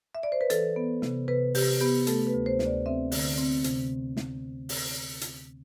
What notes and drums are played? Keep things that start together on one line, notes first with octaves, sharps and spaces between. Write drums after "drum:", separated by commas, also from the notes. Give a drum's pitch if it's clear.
E5
D5
C5
B4
E3 A4, drum: hi-hat
B3
C3, drum: snare
C3 B4
C3 G4, drum: open hi-hat
B3 G4
A3 A4, drum: hi-hat
B4
D2
C5
D2, drum: snare
D5
C4 E5
D3, drum: open hi-hat
C4
C3, drum: hi-hat
drum: snare
drum: open hi-hat
drum: hi-hat